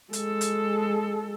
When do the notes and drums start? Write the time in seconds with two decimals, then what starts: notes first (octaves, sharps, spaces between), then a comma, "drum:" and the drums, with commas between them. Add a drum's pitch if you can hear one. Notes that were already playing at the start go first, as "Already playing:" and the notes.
0.13 G#3 A4, drum: hi-hat
0.41 drum: hi-hat